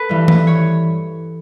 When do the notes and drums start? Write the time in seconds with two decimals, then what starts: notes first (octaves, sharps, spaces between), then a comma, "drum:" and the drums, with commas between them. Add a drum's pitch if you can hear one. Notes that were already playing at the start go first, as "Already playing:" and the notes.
Already playing: A4 B4
0.09 G2 E3
0.28 B4, drum: tom D#3
0.47 C#5